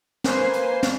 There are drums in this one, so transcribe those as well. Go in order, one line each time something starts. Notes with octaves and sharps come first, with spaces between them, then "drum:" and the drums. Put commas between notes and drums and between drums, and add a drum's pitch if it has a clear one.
A#3 B4 C5 G#5 C7, drum: snare
drum: hi-hat
drum: snare